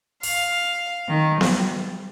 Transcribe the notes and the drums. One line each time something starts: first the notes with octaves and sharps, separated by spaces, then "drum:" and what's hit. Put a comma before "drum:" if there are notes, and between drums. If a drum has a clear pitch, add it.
F5, drum: open hi-hat
D#3
G3, drum: snare B3